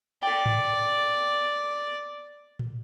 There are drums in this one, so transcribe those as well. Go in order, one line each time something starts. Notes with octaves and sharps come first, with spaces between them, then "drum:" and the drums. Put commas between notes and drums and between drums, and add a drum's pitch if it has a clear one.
A4 D5 G5
drum: tom G#2
drum: tom A2